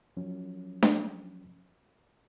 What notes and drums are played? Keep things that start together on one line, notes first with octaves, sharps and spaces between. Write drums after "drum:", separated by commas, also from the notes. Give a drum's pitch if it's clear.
F3 F#3 C#4
drum: snare D4